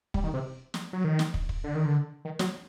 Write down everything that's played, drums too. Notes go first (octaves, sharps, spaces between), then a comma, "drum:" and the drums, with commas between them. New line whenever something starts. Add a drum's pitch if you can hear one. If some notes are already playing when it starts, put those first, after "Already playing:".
G3, drum: kick
D#3
C3
drum: snare
F#3
D#3
drum: snare
drum: kick
drum: kick
D3
D#3
D3
D#3
F#3, drum: snare